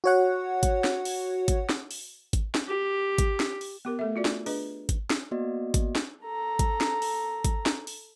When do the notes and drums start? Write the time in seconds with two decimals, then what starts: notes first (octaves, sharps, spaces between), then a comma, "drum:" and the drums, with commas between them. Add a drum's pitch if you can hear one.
0.04 F#4 C#5 F#5
0.63 drum: kick G#1, hi-hat
0.84 drum: snare
1.05 drum: open hi-hat
1.48 drum: kick G#1, hi-hat
1.69 drum: snare
1.91 drum: open hi-hat
2.33 drum: kick G#1, hi-hat
2.55 drum: snare
2.68 G4
3.18 drum: kick G#1, hi-hat
3.40 drum: snare
3.61 drum: open hi-hat
3.85 B3 G4 A#4
3.99 A3 A4 E5
4.16 F4 F#4 D5
4.25 drum: snare
4.46 D4 G#4 B4 D#5, drum: open hi-hat
4.89 drum: kick G#1, hi-hat
5.10 drum: snare
5.31 A#3 B3 F#4 D5 D#5
5.74 drum: kick G#1, hi-hat
5.95 drum: snare
6.24 A4 A#5
6.59 drum: kick G#1, hi-hat
6.81 drum: snare
7.02 drum: open hi-hat
7.45 drum: kick G#1, hi-hat
7.66 drum: snare
7.87 drum: open hi-hat